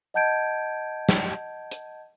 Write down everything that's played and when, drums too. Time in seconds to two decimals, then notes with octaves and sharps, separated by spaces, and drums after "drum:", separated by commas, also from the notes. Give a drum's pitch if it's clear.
0.14 D#5 F#5 A5 G6 G#6 D7
1.09 drum: snare
1.71 drum: hi-hat